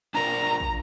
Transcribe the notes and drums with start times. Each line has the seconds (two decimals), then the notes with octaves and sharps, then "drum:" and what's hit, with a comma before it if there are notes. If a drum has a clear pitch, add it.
0.15 D4 F4 A#4 A#5
0.60 drum: kick